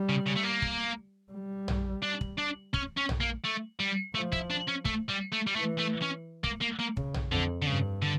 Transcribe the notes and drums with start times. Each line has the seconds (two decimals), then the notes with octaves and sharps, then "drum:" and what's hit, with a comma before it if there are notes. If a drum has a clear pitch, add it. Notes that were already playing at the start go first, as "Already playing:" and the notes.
Already playing: G3
0.09 C#3
0.27 C#3
0.37 A3
0.44 A#3
0.62 drum: kick
1.32 G3
1.68 drum: tom A#1
2.03 D4
2.21 drum: kick
2.38 D4
2.74 C#4, drum: kick
2.97 C#4
3.09 drum: tom A#1
3.21 A#3
3.45 A3
3.80 G3
4.15 F3 A3
4.32 E4, drum: kick
4.50 D4
4.68 C#4
4.85 A3, drum: kick
5.09 G3
5.32 A3
5.47 G3
5.56 E3 A3
5.79 A3
6.03 C#4
6.44 A#3, drum: kick
6.61 A#3
6.79 A#3
6.97 C#3, drum: kick
7.14 drum: tom A#1
7.32 F2 D3
7.62 D3
7.67 G2 C#3
8.02 D3